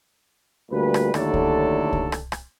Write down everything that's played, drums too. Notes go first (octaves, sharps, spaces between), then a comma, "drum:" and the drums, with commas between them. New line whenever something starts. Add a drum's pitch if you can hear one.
D2 A#2 G3 B4
drum: rim click
D#2 A2 D3 F#3 A4 D5, drum: rim click
drum: kick C2
drum: kick C2
drum: rim click
drum: rim click